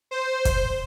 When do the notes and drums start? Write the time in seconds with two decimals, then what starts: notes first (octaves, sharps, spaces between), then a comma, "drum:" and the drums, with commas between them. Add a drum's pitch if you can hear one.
0.11 C5
0.45 drum: kick, hi-hat